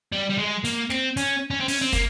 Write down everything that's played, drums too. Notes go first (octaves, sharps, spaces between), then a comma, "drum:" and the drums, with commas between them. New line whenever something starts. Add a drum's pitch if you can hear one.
G3
G3
G#3
A#3, drum: hi-hat
C4, drum: snare
C#4, drum: hi-hat
C#4
C4
C#4, drum: open hi-hat
C4
A#3, drum: kick, hi-hat